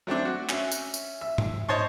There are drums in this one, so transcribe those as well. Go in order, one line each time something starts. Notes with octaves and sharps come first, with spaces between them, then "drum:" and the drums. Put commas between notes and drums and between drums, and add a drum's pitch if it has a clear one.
F#3 A3 C4 D4
F#4
C#4 E5, drum: clap
drum: tambourine
drum: tambourine
E5
drum: tom G#2
C5 C#5 D#5 A5 C6 C#6